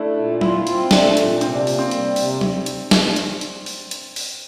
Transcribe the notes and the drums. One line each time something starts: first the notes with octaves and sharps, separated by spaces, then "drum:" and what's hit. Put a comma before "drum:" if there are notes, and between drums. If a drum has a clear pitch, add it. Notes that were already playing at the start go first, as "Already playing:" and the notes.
Already playing: A3 D4 E4
A#2
E4 F4, drum: tom F#3
C4, drum: hi-hat
A3 D4, drum: snare
A#2, drum: hi-hat
C3 C4, drum: hi-hat
D4
A#3, drum: open hi-hat
C4
G3, drum: hi-hat
C3, drum: open hi-hat
drum: tom F#3
drum: hi-hat
drum: snare
drum: hi-hat
drum: hi-hat
drum: open hi-hat
drum: hi-hat
drum: open hi-hat